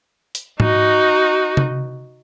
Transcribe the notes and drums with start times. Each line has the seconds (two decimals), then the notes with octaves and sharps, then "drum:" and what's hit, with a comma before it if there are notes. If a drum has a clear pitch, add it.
0.35 drum: hi-hat
0.60 D#4 F#4, drum: tom G#2
1.57 drum: tom C3